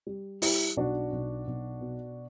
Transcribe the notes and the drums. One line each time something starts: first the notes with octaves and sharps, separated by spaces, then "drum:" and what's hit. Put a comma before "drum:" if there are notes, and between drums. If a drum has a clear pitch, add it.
G3
G3 E4 G4, drum: open hi-hat
B1 D4 F#4
B1
B1
B2